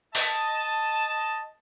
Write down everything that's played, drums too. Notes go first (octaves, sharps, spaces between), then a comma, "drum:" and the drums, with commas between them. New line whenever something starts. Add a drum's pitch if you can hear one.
D#5 A5, drum: open hi-hat